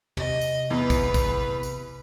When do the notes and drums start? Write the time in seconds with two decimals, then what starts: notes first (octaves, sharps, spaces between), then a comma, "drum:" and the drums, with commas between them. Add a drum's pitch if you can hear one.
0.17 C3 D#5, drum: tom
0.41 drum: tambourine
0.70 E2 B4
0.90 drum: kick, tambourine
1.14 drum: kick, tambourine
1.63 drum: tambourine